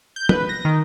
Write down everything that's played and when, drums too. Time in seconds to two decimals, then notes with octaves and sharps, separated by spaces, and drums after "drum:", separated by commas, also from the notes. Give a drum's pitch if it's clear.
0.16 G6
0.29 B4, drum: tom
0.49 A#6
0.65 D#3